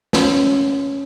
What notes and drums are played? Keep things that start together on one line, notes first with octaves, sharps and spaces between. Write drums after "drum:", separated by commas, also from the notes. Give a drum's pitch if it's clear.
C#4, drum: snare